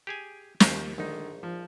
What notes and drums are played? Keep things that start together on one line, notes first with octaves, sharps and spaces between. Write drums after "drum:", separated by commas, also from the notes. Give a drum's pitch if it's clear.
G4 G#4 G#5
D#2 F4 G4 C5, drum: snare
A#1 D3 D#3 D#4
F3